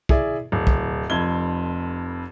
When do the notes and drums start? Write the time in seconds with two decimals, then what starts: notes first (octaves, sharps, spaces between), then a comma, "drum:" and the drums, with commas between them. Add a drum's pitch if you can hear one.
0.09 E4 G#4 D5, drum: kick
0.52 D1
0.67 drum: kick
1.10 F1 F2 G#6 G7